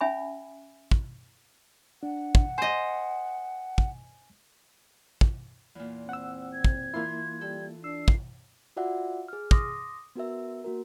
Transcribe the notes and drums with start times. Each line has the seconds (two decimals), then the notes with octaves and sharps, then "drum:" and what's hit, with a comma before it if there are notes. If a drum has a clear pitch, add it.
0.01 C#4 E5 G#5 B5
0.91 drum: kick
2.03 D4 F#5
2.35 drum: kick
2.58 C5 D#5 G#5
3.78 drum: kick
5.21 drum: kick
5.75 E2 A#2
6.09 C4 F#5 E6
6.53 G#6
6.64 drum: kick
6.94 E3 A#3 E4 F4 C6
7.41 G3 A4
7.84 D4 E6 C7
8.08 drum: kick
8.77 F4 F#4 D5 E5 F#5
9.28 G#4 F6
9.51 C6 D6 D#6 A#6, drum: kick
10.15 B3 F#4 A#4 E5
10.64 A#3 F#4 A#4